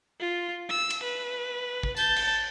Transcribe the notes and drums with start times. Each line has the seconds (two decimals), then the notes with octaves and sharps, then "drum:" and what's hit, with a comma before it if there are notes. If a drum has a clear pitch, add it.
0.20 F4
0.69 E6
0.90 drum: cymbal
1.03 B4
1.83 drum: kick A1
1.97 A5 G6, drum: tambourine
2.16 drum: cymbal